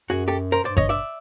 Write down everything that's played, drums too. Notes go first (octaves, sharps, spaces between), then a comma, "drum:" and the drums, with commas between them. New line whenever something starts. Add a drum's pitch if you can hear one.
F#2 F#4 G#4
G4 A4
A#4 C5
G2 C5 D5
C#5 D#5, drum: kick G#1
D5 E5